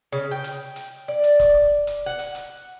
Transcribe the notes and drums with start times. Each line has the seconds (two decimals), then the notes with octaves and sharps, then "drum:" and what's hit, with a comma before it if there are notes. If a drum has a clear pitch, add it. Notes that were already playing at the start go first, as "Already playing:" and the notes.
0.12 C#3
0.31 G5
0.44 drum: hi-hat
0.76 drum: hi-hat
1.08 D5
1.24 drum: hi-hat
1.40 drum: kick C#1, hi-hat
1.87 drum: hi-hat
2.06 F#5
2.19 drum: hi-hat
2.35 drum: hi-hat